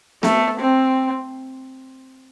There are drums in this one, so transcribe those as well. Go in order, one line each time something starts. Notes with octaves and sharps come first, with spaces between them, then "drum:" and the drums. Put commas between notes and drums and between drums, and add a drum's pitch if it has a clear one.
A3, drum: snare B3
C4